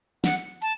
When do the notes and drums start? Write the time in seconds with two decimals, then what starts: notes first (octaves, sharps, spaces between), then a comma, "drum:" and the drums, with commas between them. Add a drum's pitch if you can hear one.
0.24 F#5, drum: snare
0.62 A5, drum: hi-hat